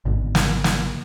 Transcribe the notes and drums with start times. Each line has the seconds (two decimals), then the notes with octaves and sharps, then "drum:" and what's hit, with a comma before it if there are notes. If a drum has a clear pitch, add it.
0.05 G#1 G#2 B2 D3
0.35 drum: snare
0.64 drum: snare